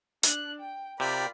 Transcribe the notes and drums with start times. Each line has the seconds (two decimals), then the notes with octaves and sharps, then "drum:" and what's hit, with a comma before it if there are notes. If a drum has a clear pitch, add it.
0.23 D4 F#6, drum: hi-hat
0.60 G5
1.00 C3 F4 A#4 D5 G5 B5